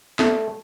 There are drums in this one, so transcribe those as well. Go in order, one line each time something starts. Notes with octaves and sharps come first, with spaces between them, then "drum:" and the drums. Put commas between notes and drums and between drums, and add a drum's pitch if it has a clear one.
A3, drum: snare